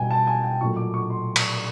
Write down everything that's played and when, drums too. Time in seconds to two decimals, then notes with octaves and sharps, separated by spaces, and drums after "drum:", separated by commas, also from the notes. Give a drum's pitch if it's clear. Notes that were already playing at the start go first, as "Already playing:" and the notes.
Already playing: B2 G3 G5 G#5
0.10 A5
0.27 G#5
0.43 G5
0.61 A#2 F#3 A3 C#6
0.76 D6
0.94 C#6
1.10 C6
1.36 drum: cymbal